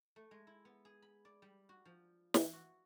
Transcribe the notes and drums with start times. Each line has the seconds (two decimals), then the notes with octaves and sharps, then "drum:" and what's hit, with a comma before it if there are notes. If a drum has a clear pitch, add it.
0.16 A3
0.31 G#3
0.47 E4
0.65 B3
0.85 G#4
1.02 B5
1.25 D5
1.42 G3
1.69 F#4
1.85 F3
2.34 E3, drum: snare
2.53 F#4